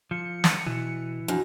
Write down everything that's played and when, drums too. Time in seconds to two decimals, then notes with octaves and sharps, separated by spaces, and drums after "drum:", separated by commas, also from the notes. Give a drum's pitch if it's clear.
0.11 F3 C#7
0.44 drum: snare
0.67 B2 E3
1.28 F#2 F3 D4